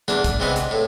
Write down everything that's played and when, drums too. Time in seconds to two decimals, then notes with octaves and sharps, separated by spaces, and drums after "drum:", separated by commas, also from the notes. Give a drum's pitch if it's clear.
0.08 E2 D4, drum: snare
0.24 drum: kick, hi-hat
0.40 C3 E3 G#3 B3
0.56 drum: hi-hat
0.71 A2